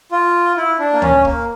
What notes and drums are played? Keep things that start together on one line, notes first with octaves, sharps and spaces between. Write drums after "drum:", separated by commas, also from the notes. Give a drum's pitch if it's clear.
F4
E4
D4
A#3
C#4, drum: tom D2
A#3, drum: kick